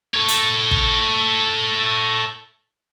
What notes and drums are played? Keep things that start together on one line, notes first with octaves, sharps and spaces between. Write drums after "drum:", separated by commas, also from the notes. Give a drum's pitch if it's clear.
A4 C#5
drum: hi-hat
drum: kick